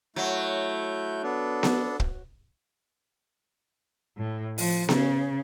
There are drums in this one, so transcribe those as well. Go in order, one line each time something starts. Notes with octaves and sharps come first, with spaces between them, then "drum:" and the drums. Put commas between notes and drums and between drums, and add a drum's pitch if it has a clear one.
F#3 A3 E4 G6
B3 D4 A4
drum: snare B3
drum: kick
A2
F3, drum: open hi-hat
C#3, drum: snare B3